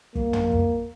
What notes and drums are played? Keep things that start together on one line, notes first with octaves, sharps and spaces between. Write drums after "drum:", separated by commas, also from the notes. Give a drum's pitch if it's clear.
A#3, drum: kick
drum: tom
drum: kick